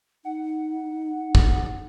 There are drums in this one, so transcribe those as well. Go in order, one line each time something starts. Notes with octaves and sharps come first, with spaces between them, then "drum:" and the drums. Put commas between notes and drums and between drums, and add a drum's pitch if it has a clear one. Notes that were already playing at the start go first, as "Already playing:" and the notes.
D#4 F#5
drum: kick